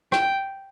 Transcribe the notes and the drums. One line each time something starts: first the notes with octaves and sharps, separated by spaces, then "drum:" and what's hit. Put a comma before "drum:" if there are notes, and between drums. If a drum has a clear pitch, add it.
G5, drum: rim click